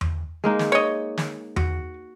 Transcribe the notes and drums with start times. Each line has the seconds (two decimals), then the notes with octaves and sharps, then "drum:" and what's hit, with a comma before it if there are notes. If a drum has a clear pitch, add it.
0.01 drum: tom E2
0.44 G#3 A#3 D#4
0.59 drum: snare
0.72 C#5 D#5
1.18 drum: snare
1.56 F#4, drum: tom E2